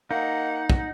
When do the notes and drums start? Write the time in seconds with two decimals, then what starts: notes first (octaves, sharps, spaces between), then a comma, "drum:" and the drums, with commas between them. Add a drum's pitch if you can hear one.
0.11 A#3 D#4 F#5
0.70 drum: kick